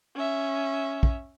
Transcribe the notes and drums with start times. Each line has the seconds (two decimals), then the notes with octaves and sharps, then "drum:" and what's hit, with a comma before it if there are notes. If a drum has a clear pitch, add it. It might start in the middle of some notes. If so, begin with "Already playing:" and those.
0.16 C#4 E5
1.03 drum: kick